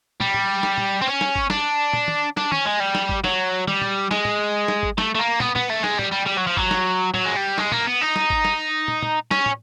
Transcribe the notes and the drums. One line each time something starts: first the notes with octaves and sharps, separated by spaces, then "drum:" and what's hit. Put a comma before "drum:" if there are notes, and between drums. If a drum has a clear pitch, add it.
G3, drum: tom
drum: tom
drum: snare
drum: tom
C4
C#4
drum: snare
drum: kick G1
D4, drum: snare
drum: tom
drum: tom
D4, drum: snare
C#4, drum: tom
G#3
G3
drum: snare
drum: kick G1
F#3, drum: snare
G3, drum: tom
drum: tom
G#3, drum: snare
drum: tom
drum: snare
drum: kick G1
A3, drum: snare
A3
A#3
B3, drum: tom
B3, drum: tom
A3
G#3, drum: snare
G3, drum: tom
G3
G3
F#3
F3
F#3, drum: kick G1
drum: snare
F#3, drum: tom
G#3
G3
G#3, drum: snare
A#3, drum: tom
B3
D#4
drum: snare
drum: kick G1
drum: snare
drum: tom
drum: tom
C#4, drum: snare
drum: tom